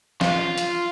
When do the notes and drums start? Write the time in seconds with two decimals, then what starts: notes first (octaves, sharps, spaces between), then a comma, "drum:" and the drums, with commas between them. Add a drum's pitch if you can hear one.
0.21 F4, drum: snare
0.58 drum: hi-hat